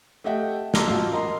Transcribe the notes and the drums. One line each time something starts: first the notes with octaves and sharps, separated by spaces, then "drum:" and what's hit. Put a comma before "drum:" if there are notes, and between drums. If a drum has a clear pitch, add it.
A3 G4 D#5 E5 F#5 G5
A5 A#5 C6 D6 E6 F6, drum: snare
A1 F4 F#4 F#5
A#4 D#5 A#5 C6